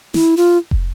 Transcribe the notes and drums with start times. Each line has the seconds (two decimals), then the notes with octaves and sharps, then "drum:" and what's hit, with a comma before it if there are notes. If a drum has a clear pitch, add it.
0.14 E4, drum: snare
0.37 F4
0.71 drum: kick